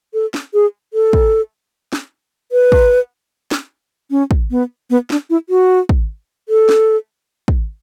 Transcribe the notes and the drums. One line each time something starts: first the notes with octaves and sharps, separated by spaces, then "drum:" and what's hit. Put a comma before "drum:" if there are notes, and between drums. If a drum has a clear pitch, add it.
A4
drum: snare
G#4
A4
drum: kick
drum: snare
B4
drum: kick
drum: snare
C#4
drum: kick
B3
B3
D4, drum: snare
E4
F#4
drum: kick
A4
drum: snare
drum: kick